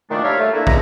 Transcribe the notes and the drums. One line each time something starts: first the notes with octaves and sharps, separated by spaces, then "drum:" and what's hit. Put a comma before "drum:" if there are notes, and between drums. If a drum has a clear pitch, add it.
A#2 D#3 F3 A3 D4
G3 D4 F4 C#5 E5 F5
A3 A5
A#3 D4 E4
C#2 A#5, drum: kick